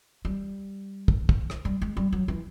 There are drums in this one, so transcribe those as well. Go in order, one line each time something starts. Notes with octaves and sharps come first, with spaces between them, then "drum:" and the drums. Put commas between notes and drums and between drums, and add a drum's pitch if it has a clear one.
G3
drum: kick
drum: kick
drum: rim click
G3
G#3
G3
F#3
E3